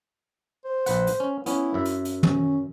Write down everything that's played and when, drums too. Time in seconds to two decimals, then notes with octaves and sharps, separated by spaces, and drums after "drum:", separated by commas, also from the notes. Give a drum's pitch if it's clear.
0.65 C5
0.86 A#1 B4 F#5, drum: hi-hat
1.07 drum: hi-hat
1.20 C#4
1.46 B3 C#4 E4, drum: hi-hat
1.74 F#2 E5
1.85 drum: hi-hat
2.05 drum: hi-hat
2.23 C#4, drum: tom E3